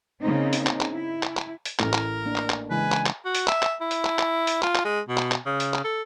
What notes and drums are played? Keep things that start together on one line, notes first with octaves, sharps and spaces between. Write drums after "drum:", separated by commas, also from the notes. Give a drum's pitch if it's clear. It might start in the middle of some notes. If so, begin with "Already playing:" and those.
C#3 A#3 C4 D#4
drum: hi-hat
drum: clap
drum: clap
E4
drum: clap
drum: clap
drum: hi-hat
A1 A2 A#4, drum: clap
drum: clap
A#3 D4
drum: clap
drum: clap
C#3 E3 G#3 B4 G#5
drum: clap
drum: clap
F#4
drum: hi-hat
E5, drum: clap
drum: clap
E4
drum: hi-hat
drum: clap
drum: clap
drum: hi-hat
F4, drum: clap
drum: clap
G#3
B2
drum: clap
drum: clap
C#3
drum: hi-hat
drum: clap
A4